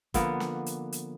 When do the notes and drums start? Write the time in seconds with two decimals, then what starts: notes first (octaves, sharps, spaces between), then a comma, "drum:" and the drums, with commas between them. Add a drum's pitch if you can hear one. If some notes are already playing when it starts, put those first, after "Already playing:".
0.14 D3 F3 A#3 B3, drum: kick, hi-hat
0.40 drum: snare
0.66 drum: hi-hat
0.92 drum: hi-hat